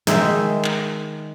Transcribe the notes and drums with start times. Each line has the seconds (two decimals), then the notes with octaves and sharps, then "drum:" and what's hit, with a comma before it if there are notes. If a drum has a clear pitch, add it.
0.07 D#3 G#3 E5, drum: snare
0.65 drum: clap